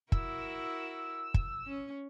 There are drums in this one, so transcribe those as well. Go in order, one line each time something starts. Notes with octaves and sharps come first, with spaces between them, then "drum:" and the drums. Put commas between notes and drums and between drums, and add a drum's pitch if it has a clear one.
E4 F#4 A#4 E6, drum: kick
drum: kick
C#4